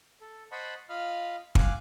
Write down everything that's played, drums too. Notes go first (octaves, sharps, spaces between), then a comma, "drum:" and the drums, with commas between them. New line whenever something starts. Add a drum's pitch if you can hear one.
A4
C5 D#5 F#5 A5 B5 C#6
F4 D#5 F5 B5 F6
F5 F#5 G#5 D6, drum: kick